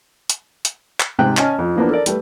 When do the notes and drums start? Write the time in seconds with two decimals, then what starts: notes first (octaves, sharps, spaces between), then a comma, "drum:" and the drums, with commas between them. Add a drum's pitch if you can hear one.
0.30 drum: hi-hat
0.65 drum: hi-hat
1.00 drum: clap
1.19 G#2 C3 G5 F#6
1.37 C#4 D#5 G#5 A5 F6, drum: clap
1.59 F2
1.76 E3 F3 A#3 B3 D4
1.89 A4 A#4 D5
2.06 G3 A3 B4, drum: hi-hat